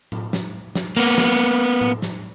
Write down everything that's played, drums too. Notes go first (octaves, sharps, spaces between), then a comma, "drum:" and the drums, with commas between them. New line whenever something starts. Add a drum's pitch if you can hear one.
drum: tom A2
drum: snare
drum: snare
A#3 B3
drum: snare
drum: hi-hat
drum: tom A2
drum: snare